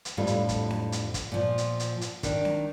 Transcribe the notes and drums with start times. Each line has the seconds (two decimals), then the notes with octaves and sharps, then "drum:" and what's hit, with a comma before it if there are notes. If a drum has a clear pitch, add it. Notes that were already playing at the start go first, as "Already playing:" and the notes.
0.05 drum: hi-hat
0.17 F2 A2 D3 G3 F4
0.27 drum: hi-hat
0.49 drum: kick, hi-hat
0.70 drum: snare C4
0.92 drum: hi-hat
1.14 drum: kick, hi-hat
1.32 A#2 F3
1.58 drum: hi-hat
1.80 drum: hi-hat
2.01 drum: hi-hat
2.23 D#3 D4, drum: kick, hi-hat
2.45 drum: snare C4